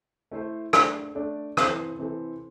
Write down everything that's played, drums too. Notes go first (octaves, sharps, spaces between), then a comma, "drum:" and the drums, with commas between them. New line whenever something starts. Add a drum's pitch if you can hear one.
A3 E4 A4 C5
A3 D4 A4 D5, drum: rim click
A3 D4 A4 D5
C3 E3 C4 A4, drum: rim click
C3 E3 C4 A4